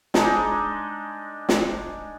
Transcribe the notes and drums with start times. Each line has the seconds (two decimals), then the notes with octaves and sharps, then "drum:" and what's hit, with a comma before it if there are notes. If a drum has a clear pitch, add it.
0.14 G#3 D4 D#4, drum: snare
1.49 drum: snare